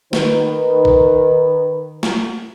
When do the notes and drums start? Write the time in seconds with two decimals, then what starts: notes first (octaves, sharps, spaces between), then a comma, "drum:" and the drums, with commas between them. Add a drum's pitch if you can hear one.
0.13 D#3 B4, drum: snare
0.85 drum: kick
2.03 drum: snare